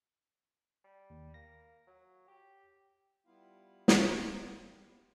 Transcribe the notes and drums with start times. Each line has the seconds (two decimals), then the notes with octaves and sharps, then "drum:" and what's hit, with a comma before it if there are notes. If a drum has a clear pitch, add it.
0.84 G3
1.10 D#2
1.34 A#3 A#6
1.87 F#3
2.28 G4
3.26 G3 B3 E4 F4 F5
3.88 drum: snare